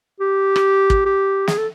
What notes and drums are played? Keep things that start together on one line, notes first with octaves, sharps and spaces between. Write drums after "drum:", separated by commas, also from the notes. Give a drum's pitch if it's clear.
G4
drum: rim click
drum: kick
G4
G#4, drum: snare
A4